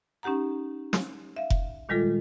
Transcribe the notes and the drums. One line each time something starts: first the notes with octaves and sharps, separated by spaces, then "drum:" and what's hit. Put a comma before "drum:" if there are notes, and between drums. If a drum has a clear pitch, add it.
C#4 D#4 G4 F#5 A#5
drum: snare
E5 F5
drum: kick F1
A#2 D#3 G3 G#3 F4 A4